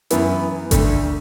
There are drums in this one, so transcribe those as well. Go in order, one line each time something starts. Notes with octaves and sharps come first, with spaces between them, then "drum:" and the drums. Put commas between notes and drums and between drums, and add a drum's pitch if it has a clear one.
F#2 E3 B3 E4, drum: hi-hat
D2 D3 A3, drum: kick G#1, hi-hat